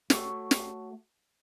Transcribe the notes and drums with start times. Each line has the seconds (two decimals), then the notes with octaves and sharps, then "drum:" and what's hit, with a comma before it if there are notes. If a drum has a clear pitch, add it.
0.10 A3 F#4 A4 C#5, drum: snare
0.51 drum: snare